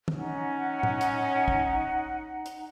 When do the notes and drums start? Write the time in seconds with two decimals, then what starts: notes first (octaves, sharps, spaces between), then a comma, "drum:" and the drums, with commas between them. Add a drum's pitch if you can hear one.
0.08 drum: tom
0.17 C#4 D#4 F#5
0.83 drum: tom
1.01 drum: hi-hat
1.48 drum: kick
2.46 drum: hi-hat